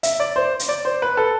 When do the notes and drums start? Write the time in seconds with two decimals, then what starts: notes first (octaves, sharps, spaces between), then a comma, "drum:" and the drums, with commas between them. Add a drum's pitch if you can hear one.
0.03 E5, drum: hi-hat
0.20 D5
0.36 C5
0.59 drum: hi-hat
0.68 D5
0.85 C5
1.02 B4
1.17 A4